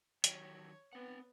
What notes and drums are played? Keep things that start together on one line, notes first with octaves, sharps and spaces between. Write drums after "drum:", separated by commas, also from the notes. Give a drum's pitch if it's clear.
D#3 F#3 G4 C#5, drum: hi-hat
B3 C4 F#5